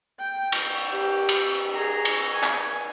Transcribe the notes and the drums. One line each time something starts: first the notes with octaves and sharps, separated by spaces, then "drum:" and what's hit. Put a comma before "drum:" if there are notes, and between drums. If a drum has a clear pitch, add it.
G5
drum: cymbal
G4
drum: cymbal
G#4 A#5
drum: cymbal
G#5
drum: clap